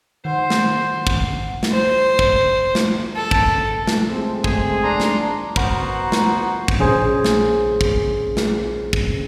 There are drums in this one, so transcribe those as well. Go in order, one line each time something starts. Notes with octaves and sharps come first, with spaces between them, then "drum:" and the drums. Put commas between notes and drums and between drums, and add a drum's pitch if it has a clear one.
D#3 C5 F#5
drum: snare
drum: kick
drum: snare
C5
drum: kick
drum: snare
A4
drum: kick
drum: snare
G#3 A3 C4
G#4, drum: kick
D4 A#5 C6
drum: snare
B3 F#4 A#4 C5 F#5 A#5, drum: kick
drum: snare
drum: kick
A#1 C#4 G#4 C5 G#5
drum: snare
drum: kick
drum: snare
drum: kick